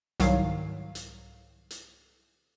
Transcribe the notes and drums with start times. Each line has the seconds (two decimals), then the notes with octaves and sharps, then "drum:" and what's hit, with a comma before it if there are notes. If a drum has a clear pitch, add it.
0.20 C2 G#2 D#3 F#3 F5, drum: hi-hat
0.95 drum: hi-hat
1.70 drum: hi-hat